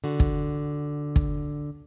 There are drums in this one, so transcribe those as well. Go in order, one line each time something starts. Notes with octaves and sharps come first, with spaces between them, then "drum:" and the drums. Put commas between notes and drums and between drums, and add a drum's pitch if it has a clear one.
D3 F#4
drum: kick
drum: kick